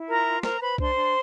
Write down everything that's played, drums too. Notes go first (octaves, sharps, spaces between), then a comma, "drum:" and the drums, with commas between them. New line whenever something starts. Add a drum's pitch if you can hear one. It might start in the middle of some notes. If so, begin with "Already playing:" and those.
Already playing: E4
F4 A#4 A#5
F4
A#4 C5 A#5, drum: snare
B4 C5 B5
D4 C5 C6, drum: kick B1
D4